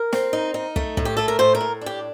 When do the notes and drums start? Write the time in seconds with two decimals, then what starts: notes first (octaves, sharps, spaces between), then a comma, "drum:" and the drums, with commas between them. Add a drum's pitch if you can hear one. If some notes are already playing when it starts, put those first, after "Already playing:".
Already playing: A#4
0.13 C4, drum: snare
0.33 D#4
0.54 D#4
0.76 A3, drum: kick
0.97 A2, drum: kick
1.05 G4
1.17 A3 A4
1.28 A#4
1.39 A2 C5
1.55 A#4
1.61 A2
1.81 D4 G4